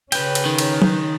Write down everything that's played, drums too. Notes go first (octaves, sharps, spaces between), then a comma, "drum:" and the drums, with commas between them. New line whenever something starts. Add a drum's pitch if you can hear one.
C#3 C#4 B4 G5, drum: cymbal
drum: cymbal
D#3
drum: cymbal
drum: tom F#3